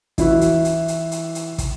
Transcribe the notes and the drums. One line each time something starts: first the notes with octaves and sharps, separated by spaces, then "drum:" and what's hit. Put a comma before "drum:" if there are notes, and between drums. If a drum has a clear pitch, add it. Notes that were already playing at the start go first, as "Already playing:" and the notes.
E3 E4 F#4, drum: kick, hi-hat
drum: hi-hat
drum: hi-hat
drum: hi-hat
drum: hi-hat
drum: hi-hat
drum: kick, hi-hat